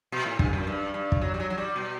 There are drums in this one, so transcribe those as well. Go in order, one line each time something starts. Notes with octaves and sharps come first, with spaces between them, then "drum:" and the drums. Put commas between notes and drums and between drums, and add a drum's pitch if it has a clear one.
B2
A2
G2, drum: kick
F#2
G2
G2
drum: kick
F#3
G3
F#3
F#3
G3
B2